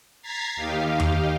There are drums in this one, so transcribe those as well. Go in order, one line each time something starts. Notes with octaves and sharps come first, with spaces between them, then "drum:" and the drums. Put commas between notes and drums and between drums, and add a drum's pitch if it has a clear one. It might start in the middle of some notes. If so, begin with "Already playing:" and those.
A#5 G#6 A6 B6 C7
D#2 D#4 G4 F5
drum: tom E2